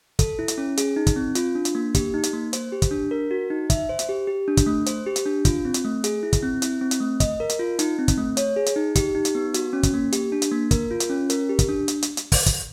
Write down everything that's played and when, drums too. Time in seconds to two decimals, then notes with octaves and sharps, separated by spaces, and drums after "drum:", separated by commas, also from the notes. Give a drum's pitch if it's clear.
0.19 A4, drum: kick, hi-hat
0.39 E4
0.48 drum: hi-hat
0.58 C#4
0.77 G#4, drum: hi-hat
0.96 D#4
1.07 drum: kick, hi-hat
1.16 C4
1.35 F4, drum: hi-hat
1.55 D4
1.65 drum: hi-hat
1.75 A#3
1.95 G4, drum: kick, hi-hat
2.14 D#4
2.23 drum: hi-hat
2.33 A#3
2.53 C5, drum: hi-hat
2.72 G4
2.82 drum: kick, hi-hat
2.91 D4
3.11 A#4
3.31 F#4
3.50 D#4
3.70 E5, drum: kick, hi-hat
3.89 C5
3.99 drum: hi-hat
4.09 G4
4.27 G4
4.48 D4
4.57 drum: kick, hi-hat
4.66 A3
4.86 C5, drum: hi-hat
5.06 G4
5.16 drum: hi-hat
5.26 D4
5.45 F4, drum: kick, hi-hat
5.65 C4
5.74 drum: hi-hat
5.84 A3
6.04 G#4, drum: hi-hat
6.23 E4
6.33 drum: kick, hi-hat
6.43 C4
6.62 E4, drum: hi-hat
6.81 C4
6.91 drum: hi-hat
7.00 A3
7.20 D#5, drum: kick, hi-hat
7.40 A#4
7.50 drum: hi-hat
7.59 F4
7.79 D#4, drum: hi-hat
7.99 C4
8.08 drum: kick, hi-hat
8.17 A3
8.37 C#5, drum: hi-hat
8.56 G#4
8.66 drum: hi-hat
8.76 D#4
8.95 G4, drum: kick, hi-hat
9.15 D#4
9.25 drum: hi-hat
9.35 B3
9.54 F#4, drum: hi-hat
9.73 C#4
9.83 drum: kick, hi-hat
9.94 A#3
10.12 G4, drum: hi-hat
10.32 D4
10.42 drum: hi-hat
10.52 A#3
10.71 A#4, drum: kick, hi-hat
10.91 F4
11.00 drum: hi-hat
11.10 C#4
11.30 A#4, drum: hi-hat
11.49 G4
11.59 drum: kick, hi-hat
11.69 D4
11.88 drum: hi-hat
12.02 drum: hi-hat
12.17 drum: hi-hat
12.32 drum: kick, open hi-hat
12.46 drum: kick, hi-hat